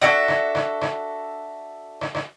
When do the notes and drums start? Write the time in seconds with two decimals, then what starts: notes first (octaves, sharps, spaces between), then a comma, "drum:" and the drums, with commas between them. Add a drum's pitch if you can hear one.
0.02 D4 F#4 A4 E5, drum: rim click
0.28 drum: rim click
0.55 drum: rim click
0.81 drum: rim click
2.01 drum: rim click
2.15 drum: rim click